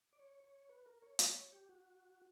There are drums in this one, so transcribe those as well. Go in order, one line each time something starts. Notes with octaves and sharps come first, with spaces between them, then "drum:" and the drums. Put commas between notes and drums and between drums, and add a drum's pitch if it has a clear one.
D5
C#5
C#5
B4
A#4
C#5
C#5, drum: hi-hat
C#5
G4
F#4